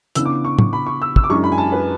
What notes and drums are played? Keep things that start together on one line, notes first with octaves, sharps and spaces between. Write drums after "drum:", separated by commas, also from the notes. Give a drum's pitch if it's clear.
C#3 E3 B3 D4 E6, drum: hi-hat
D6
C#6
C#6, drum: tom A2
B5
C#6
E6
E6, drum: kick
D6
F#2 E3 G#3 D4 C#6
B5
G#5
A5
B4